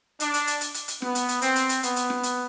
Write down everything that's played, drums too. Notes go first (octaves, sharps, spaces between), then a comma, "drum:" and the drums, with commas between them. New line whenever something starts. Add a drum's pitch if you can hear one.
D4, drum: hi-hat
drum: hi-hat
drum: hi-hat
drum: hi-hat
drum: hi-hat
drum: hi-hat
B3, drum: snare
drum: hi-hat
drum: hi-hat
C4, drum: hi-hat
drum: hi-hat
drum: hi-hat
B3, drum: hi-hat
drum: hi-hat
drum: snare
drum: hi-hat